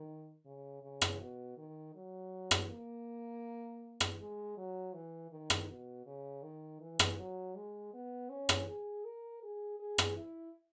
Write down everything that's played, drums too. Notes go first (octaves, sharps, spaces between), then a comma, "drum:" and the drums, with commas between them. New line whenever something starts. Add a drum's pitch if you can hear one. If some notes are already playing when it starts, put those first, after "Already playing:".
Already playing: D#3
C#3
C#3
drum: rim click
B2
D#3
F#3
drum: rim click
A#3
drum: rim click
G#3
F#3
E3
D#3
drum: rim click
B2
C#3
D#3
E3
drum: rim click
F#3
G#3
B3
C#4
drum: rim click
G#4
A#4
G#4
G#4
drum: rim click
E4